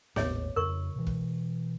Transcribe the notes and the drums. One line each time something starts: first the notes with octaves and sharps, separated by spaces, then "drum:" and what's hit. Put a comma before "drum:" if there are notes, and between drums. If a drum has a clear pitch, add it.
G#1 D#2 A2 G#4 C#5 D#5, drum: snare B3
F2 C#3 A#4 C#6
B2 E3
drum: kick